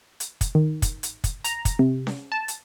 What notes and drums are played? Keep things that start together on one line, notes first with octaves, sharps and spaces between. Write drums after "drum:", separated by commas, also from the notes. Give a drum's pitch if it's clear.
drum: hi-hat
drum: kick, hi-hat
D#3
drum: kick, hi-hat
drum: hi-hat
drum: kick, hi-hat
A#5, drum: hi-hat
drum: kick, hi-hat
C3
drum: snare C#4
A5
drum: hi-hat